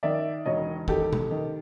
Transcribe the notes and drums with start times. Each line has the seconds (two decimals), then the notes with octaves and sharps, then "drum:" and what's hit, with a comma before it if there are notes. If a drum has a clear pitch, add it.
0.03 D#3 D5 E5
0.45 E1 C#5 D#5
0.88 D#3 G4 A4, drum: kick G1
1.13 drum: tom B2
1.31 D#3